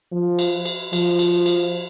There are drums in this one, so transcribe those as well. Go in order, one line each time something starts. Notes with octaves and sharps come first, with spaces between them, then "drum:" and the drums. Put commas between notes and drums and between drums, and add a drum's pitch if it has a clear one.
F3
drum: cymbal
drum: cymbal
F3, drum: cymbal
drum: cymbal
drum: cymbal